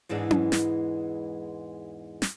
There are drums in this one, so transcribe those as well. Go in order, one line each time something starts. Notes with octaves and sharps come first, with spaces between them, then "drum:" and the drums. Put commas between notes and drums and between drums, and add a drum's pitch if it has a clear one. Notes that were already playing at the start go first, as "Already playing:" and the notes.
E2 G#2 E3 G#3 D4
drum: tom C#4
drum: snare
drum: snare